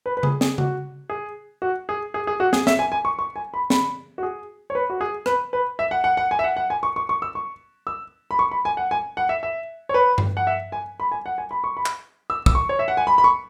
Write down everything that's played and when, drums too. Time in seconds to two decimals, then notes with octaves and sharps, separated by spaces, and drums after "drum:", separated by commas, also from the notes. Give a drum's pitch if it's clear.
0.06 B4
0.17 B4
0.23 G#4, drum: tom C#3
0.41 G#4, drum: snare
0.58 F#4, drum: tom C#3
1.10 G#4
1.62 F#4
1.89 G#4
2.14 G#4
2.27 G#4
2.40 F#4
2.53 G#4, drum: snare
2.67 E5, drum: snare
2.79 G#5
2.92 G#5
3.05 C#6
3.19 C#6
3.36 G#5
3.54 B5
3.70 B5, drum: snare
4.18 F#4
4.23 G#4
4.70 C#5
4.75 B4
4.90 F#4
5.01 G#4
5.26 B4, drum: rim click
5.53 B4
5.79 E5
5.91 F#5
6.04 F#5
6.17 F#5
6.31 G#5
6.39 E5
6.44 F#5
6.57 F#5
6.70 G#5
6.83 C#6
6.96 C#6
7.09 C#6
7.22 E6
7.35 C#6
7.87 E6
8.31 B5
8.39 C#6
8.52 B5
8.65 G#5
8.77 F#5
8.91 G#5
9.17 F#5
9.29 E5
9.43 E5
9.89 C#5
9.94 B4
10.18 drum: tom G2
10.37 F#5
10.47 E5
10.72 G#5
11.00 B5
11.12 G#5
11.26 F#5
11.38 G#5
11.51 B5
11.64 C#6
11.77 B5
11.86 drum: clap
12.30 E6
12.46 E6, drum: kick
12.55 C#6
12.69 C#5
12.79 E5
12.88 F#5
12.97 G#5
13.07 B5
13.18 B5
13.24 C#6